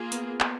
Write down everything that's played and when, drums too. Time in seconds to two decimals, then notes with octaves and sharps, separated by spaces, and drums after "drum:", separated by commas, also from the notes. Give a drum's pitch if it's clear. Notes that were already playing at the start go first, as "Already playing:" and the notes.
Already playing: A#3 F4 G#4
0.12 B3, drum: hi-hat
0.40 drum: clap